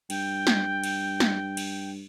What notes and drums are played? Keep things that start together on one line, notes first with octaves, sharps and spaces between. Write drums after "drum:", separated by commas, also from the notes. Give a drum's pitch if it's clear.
G2 G5, drum: cymbal
drum: snare
drum: cymbal
drum: snare
drum: cymbal